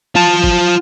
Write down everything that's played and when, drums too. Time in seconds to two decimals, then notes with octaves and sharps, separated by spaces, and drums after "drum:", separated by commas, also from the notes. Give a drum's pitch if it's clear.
0.16 F4 A5
0.44 drum: kick